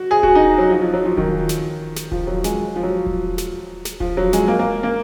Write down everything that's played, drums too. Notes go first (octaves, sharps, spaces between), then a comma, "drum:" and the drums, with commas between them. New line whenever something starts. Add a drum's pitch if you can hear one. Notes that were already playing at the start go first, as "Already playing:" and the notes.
Already playing: F#4
G#4
F#4, drum: kick D#1
D#4
F#3
F3
F3
F#3
F3
D#3, drum: kick D#1
drum: snare
drum: snare
F3, drum: kick D#1
F#3
G#3, drum: snare
F3
F#3
drum: kick D#1
drum: snare
drum: snare
F3, drum: kick D#1
F#3
G#3, drum: snare
A#3
A#3
A#3